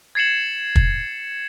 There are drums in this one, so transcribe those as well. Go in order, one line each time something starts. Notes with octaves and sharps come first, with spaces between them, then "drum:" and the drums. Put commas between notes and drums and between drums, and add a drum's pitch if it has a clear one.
G#6 A6 C7 C#7 E7 F#7
drum: kick